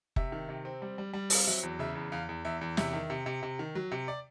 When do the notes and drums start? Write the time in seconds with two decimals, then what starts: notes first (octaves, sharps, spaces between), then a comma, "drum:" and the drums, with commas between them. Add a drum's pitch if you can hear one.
0.16 C3 E5, drum: kick F#1
0.32 D#3
0.49 C3
0.65 C4
0.82 G3
0.98 G3
1.13 G3
1.30 C4 F5, drum: open hi-hat
1.47 F#3 E5
1.63 E2
1.79 C#3 E5
1.95 E2
2.12 E2 F5
2.29 E2
2.45 E2 E5
2.61 E2
2.77 C3 E5, drum: snare
2.93 D#3
3.10 C3
3.26 C3
3.43 C3
3.59 D#3
3.75 F#3
3.92 C3
4.08 D5